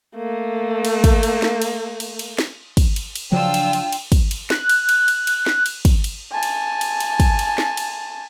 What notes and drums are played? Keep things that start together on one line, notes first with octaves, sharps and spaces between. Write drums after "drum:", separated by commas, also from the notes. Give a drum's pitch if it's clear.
A3 A#3
drum: cymbal
drum: kick, cymbal
drum: cymbal
drum: snare
drum: cymbal
drum: cymbal
drum: cymbal
drum: snare
drum: kick, cymbal
drum: cymbal
drum: cymbal
C#3 F3 F#3 D4 F4 G5 E6
drum: cymbal
drum: cymbal
drum: cymbal
drum: kick, cymbal
drum: cymbal
F#6, drum: snare
drum: cymbal
drum: cymbal
drum: cymbal
drum: cymbal
drum: snare
drum: cymbal
drum: kick, cymbal
drum: cymbal
G#5 A5
drum: cymbal
drum: cymbal
drum: cymbal
drum: kick, cymbal
drum: cymbal
drum: snare
drum: cymbal